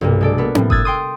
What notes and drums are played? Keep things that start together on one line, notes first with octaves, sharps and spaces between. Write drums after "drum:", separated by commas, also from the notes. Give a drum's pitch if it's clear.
B1 G2 C3 A#3
G#3 A4 D5
A#3 B3 B4
A2 G3 A#3, drum: tom C4
D#6 E6 F#6 G#6 A6, drum: kick G1
G5 C6 D#6